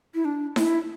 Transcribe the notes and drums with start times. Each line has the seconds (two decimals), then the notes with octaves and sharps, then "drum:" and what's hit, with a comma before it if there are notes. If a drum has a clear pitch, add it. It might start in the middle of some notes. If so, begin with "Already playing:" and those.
0.15 E4
0.25 D4
0.56 E4, drum: snare D#4